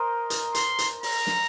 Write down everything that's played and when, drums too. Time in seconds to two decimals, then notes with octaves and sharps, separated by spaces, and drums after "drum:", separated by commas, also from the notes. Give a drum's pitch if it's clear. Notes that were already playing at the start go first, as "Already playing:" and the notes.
Already playing: A#4 C5 D#5
0.30 drum: hi-hat
0.55 C6, drum: hi-hat
0.78 drum: hi-hat
1.03 A#5, drum: open hi-hat
1.27 drum: snare